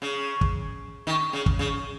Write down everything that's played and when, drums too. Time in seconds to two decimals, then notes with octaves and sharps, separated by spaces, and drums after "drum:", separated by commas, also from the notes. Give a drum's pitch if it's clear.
0.02 C#3
0.41 drum: kick
1.07 D#3
1.33 C#3
1.46 drum: kick
1.59 C#3